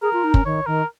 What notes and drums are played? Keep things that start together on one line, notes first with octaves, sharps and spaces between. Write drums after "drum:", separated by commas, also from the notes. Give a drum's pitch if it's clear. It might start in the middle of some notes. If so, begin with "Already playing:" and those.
G#4 A#4
F4
D#4
C#4, drum: kick
D#3 C#5
D#3 A#4